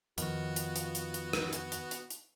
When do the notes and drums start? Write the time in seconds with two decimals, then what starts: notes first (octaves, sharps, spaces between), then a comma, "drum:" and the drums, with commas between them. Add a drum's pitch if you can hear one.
0.18 F2 D#3 B3 F4 F#4, drum: hi-hat
0.56 drum: hi-hat
0.76 drum: hi-hat
0.95 drum: hi-hat
1.14 drum: hi-hat
1.33 drum: rim click
1.53 drum: hi-hat
1.72 drum: hi-hat
1.91 drum: hi-hat
2.10 drum: hi-hat